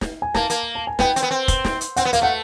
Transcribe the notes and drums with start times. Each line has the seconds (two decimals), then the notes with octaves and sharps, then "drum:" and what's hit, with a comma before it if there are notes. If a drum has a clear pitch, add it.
0.01 drum: snare
0.22 G#5
0.35 A#3 A5, drum: snare
0.50 A#3, drum: hi-hat
0.75 A5
0.87 G#5
0.99 B3 G5, drum: snare
1.16 C4, drum: hi-hat
1.23 B3
1.31 C4
1.48 drum: kick, hi-hat
1.64 drum: snare
1.81 drum: hi-hat
1.96 C4 F#5, drum: hi-hat
2.05 B3
2.13 A#3 F5, drum: hi-hat
2.21 A3 F#5